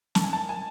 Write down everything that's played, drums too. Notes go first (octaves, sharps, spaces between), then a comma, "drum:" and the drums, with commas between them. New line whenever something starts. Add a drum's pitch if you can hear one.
A5, drum: snare
G#5
A5
G#5